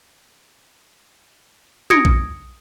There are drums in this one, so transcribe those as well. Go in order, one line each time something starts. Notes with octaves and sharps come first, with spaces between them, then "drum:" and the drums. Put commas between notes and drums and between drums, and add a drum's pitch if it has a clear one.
D#6 G#6 A#6 C#7 D7, drum: tom
drum: kick A#1